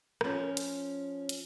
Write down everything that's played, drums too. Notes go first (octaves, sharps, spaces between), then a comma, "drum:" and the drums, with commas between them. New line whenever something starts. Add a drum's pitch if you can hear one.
F3 C#4, drum: rim click
drum: hi-hat
drum: hi-hat